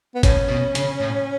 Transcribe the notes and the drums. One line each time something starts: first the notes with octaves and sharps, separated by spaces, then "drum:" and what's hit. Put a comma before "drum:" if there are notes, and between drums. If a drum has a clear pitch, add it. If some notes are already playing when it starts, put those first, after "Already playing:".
B3
A2 C#4, drum: kick G#1, hi-hat
B2
C#3, drum: hi-hat
A2